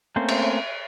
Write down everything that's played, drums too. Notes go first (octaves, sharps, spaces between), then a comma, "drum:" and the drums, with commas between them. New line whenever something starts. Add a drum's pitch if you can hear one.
A3 A#3 C4 C#4 C5
drum: cymbal